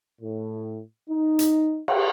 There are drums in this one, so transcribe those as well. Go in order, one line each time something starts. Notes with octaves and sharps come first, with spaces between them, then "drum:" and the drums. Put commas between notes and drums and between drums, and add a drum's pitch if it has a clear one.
A2
D#4
drum: hi-hat
drum: cymbal